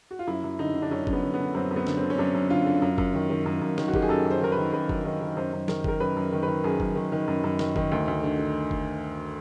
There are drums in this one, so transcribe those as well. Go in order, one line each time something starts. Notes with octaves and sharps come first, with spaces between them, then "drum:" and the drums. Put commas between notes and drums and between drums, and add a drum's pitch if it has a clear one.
F#4
F4
F#2 E4
F#2
D3 D#4
D3
D4
F#2 C#4
F#2, drum: kick F#1
B3
D3
B3
D3
F#2 C4
F#2
B3
D3, drum: snare
D3 C4
C#4
F#2 D4
F#2
D3 F4
D3
F#2
F#2, drum: kick F#1
D#3
D#3
F#2
F#2
D#3, drum: snare
F#4
D#3 G4, drum: kick F#1
G#4
F#2 A4
F#2
C5
D#3 A#4
B4
D#3
F#2 B4
F#2, drum: kick F#1
D#3
D#3
F#2 C5
F#2
D#3 A#4, drum: snare
D#3 A#4, drum: kick F#1
F#2 B4
F#2
D#3
B4
D#3
F#2 G#4
F#2, drum: kick F#1
D#3
D#3
F#2
F#2
D#3, drum: snare
D#3, drum: kick F#1
D2
D2
D3
D3
drum: kick F#1